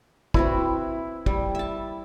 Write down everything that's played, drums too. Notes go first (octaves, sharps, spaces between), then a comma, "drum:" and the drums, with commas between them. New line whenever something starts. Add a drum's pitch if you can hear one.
C4 E4 F#4 B4, drum: kick
G3, drum: kick
E5 A5